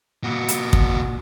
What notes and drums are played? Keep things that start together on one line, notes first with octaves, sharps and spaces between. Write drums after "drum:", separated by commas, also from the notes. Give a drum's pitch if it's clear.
A#2 F#4
drum: hi-hat
drum: kick